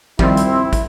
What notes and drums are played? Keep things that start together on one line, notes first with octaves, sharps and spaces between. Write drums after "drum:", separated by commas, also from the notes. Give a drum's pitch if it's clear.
D#3 F3 G3 C4 E4, drum: kick
drum: hi-hat
drum: kick, hi-hat